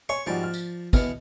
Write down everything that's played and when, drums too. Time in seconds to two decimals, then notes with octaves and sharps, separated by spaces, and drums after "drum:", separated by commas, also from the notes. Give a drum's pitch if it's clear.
0.09 C#5 G#5 C6 C#6
0.27 G#2 F3 G3 F#4 D5
0.43 F6
0.54 drum: tambourine
0.93 B2 E3 B3 F6, drum: kick, tambourine